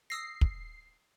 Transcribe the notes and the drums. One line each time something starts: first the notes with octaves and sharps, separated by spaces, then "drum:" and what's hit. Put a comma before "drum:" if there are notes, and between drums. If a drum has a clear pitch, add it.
D#6 E6 A#6 C7
drum: kick